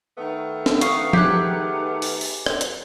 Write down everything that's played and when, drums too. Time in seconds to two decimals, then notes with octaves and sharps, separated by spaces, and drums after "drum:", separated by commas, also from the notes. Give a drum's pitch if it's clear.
0.18 D#3 A3 B3
0.66 drum: snare
0.81 F5 C#6 D#6, drum: hi-hat
1.13 G4 G#4 F#6, drum: tom F3
2.02 drum: open hi-hat
2.21 drum: open hi-hat
2.46 drum: rim click
2.61 drum: hi-hat